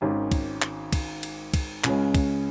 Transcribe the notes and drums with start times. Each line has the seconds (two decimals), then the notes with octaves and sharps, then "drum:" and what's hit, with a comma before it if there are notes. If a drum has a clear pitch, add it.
0.01 G#1 G#2 D#3 C#4
0.32 drum: kick, cymbal
0.62 drum: clap
0.93 drum: kick, cymbal
1.23 drum: cymbal
1.54 drum: kick, cymbal
1.84 C#2 C#3 G#3 C#4, drum: clap
2.15 drum: kick, cymbal